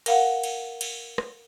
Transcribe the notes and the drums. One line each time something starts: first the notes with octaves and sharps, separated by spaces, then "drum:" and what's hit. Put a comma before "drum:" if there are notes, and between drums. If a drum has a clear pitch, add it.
A#4 F5 F#5, drum: cymbal
drum: cymbal
drum: cymbal
drum: rim click